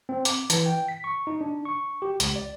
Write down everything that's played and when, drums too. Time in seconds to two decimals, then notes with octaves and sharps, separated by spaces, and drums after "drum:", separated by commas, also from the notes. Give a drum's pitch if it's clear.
0.09 C4
0.25 D6, drum: hi-hat
0.50 E3, drum: hi-hat
0.66 G5
0.88 B6
1.04 C#6
1.27 D#4
1.41 D4
1.65 C#6
2.02 G4
2.20 C#2, drum: hi-hat
2.36 D5